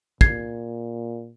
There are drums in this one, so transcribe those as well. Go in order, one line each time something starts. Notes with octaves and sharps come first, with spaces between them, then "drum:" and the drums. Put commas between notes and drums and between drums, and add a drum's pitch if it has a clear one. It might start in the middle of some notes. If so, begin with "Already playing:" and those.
A#2 G#6 C7, drum: kick